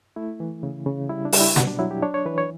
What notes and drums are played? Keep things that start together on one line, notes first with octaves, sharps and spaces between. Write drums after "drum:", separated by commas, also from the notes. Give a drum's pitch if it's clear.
A3 E4
E3
C#3
C#3
G3 E4
D4
G3, drum: open hi-hat
E4
B2 F#4, drum: snare
D4
F#3 E4
G4
D4 C#5
C#5
E3 B4
C#5